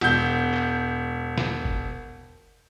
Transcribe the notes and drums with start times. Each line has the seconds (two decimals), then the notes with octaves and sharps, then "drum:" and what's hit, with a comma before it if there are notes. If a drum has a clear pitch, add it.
0.01 E1 G6, drum: cymbal
0.54 drum: clap
1.38 drum: snare
1.65 drum: kick F#1